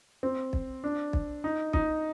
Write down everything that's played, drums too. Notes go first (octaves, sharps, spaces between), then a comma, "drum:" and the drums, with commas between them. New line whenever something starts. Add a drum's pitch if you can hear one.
C4
drum: kick
D4
drum: kick
D#4
D#4, drum: kick